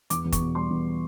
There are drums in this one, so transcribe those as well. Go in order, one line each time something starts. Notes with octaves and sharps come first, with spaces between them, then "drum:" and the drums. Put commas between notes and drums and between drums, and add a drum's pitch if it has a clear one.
E2 D6, drum: hi-hat
E2
C#6, drum: kick, hi-hat
B2
G3 C6
E2